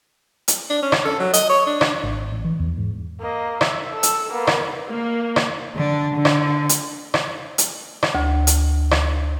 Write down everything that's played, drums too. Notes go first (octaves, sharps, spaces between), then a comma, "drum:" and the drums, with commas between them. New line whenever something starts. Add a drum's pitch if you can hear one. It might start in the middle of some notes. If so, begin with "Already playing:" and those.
drum: hi-hat
D4
C#4
drum: rim click
A4
F#3
D#5, drum: hi-hat
C#5
D4
drum: rim click
G#1
A1
E3
E2
G#2
A#3 D#5
E5, drum: rim click
A4 E6
drum: hi-hat
A#3 B3
drum: rim click
A#3
drum: rim click
D3 D4
D3
drum: rim click
drum: hi-hat
drum: rim click
drum: hi-hat
drum: rim click
D2
drum: hi-hat
drum: rim click